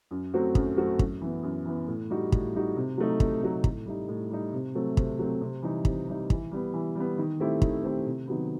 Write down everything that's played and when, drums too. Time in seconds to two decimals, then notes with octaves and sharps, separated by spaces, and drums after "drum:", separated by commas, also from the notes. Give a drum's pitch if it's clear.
0.11 F#2
0.34 F#3 A3 C4 F#4
0.55 F#2, drum: kick
0.77 F#3 A3 C4 F#4
0.99 F#2, drum: kick
1.22 E3 B3
1.43 F#2
1.66 E3 B3
1.88 A2
2.10 G3 D#4 F#4
2.32 A2, drum: kick
2.55 G3 D#4 F#4
2.77 C3
2.98 F#3 A3 D#4
3.20 C3, drum: kick
3.42 F#3 A3 D#4
3.64 A2, drum: kick
3.86 G3 D#4
4.09 A2
4.31 G3 D#4
4.53 C3
4.75 F#3 A3 C4
4.97 C3, drum: kick
5.19 F#3 A3 C4
5.41 C3
5.63 E3 G3 D#4
5.85 C3, drum: kick
6.07 E3 G3 D#4
6.30 E3, drum: kick
6.52 G3 B3
6.74 E3
6.95 G3 B3
7.18 D#3
7.40 A3 C4 E4 G4
7.62 D#3, drum: kick
7.83 A3 C4 E4 G4
8.07 C3
8.28 D#3 F#3 B3